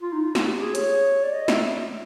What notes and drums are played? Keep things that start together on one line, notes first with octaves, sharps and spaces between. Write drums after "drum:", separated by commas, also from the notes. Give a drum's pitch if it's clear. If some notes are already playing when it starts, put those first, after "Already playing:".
F4
D#4
F4
F#4, drum: snare
G4
G#4
C#5, drum: hi-hat
D5
D#5
E5, drum: snare